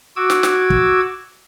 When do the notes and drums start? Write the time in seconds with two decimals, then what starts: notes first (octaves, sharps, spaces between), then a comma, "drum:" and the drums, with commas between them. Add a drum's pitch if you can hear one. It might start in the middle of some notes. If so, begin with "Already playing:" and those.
0.16 F#4 D6 E6 G#6
0.30 drum: snare
0.43 drum: snare
0.70 drum: kick